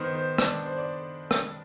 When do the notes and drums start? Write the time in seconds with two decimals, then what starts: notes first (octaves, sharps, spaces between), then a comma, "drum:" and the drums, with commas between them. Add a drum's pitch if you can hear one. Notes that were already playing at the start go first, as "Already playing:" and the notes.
Already playing: D#3 B3 C5 D#5
0.15 C5
0.38 D4 D5, drum: rim click
0.66 C5
0.78 D5
1.31 drum: rim click